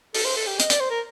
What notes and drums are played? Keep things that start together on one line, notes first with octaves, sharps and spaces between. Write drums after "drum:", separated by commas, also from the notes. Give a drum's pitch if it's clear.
A4, drum: open hi-hat
C5
A4
G4
D#5, drum: hi-hat
D5, drum: hi-hat
C5
A#4